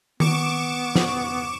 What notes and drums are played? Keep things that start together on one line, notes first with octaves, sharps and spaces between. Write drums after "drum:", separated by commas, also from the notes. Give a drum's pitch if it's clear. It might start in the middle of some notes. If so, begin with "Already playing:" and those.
B3 C#6 D6 E7, drum: tom D#3
drum: snare